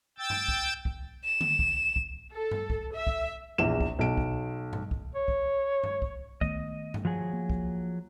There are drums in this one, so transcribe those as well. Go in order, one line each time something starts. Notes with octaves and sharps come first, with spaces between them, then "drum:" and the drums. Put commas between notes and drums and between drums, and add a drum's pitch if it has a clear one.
G5 E6 G6 A6
drum: tom G2
drum: kick
drum: kick
E7
drum: tom D3
drum: kick
drum: kick
A4
drum: tom G2
drum: kick
E5
drum: kick
A#1 E2 E7
drum: kick
B1 D7
drum: kick
drum: tom G2
drum: kick
C#5
drum: kick
drum: tom G2
drum: kick
D#3 A3 B3 D#5, drum: kick
drum: tom G2
F3 F#3 G#4
A#3
drum: kick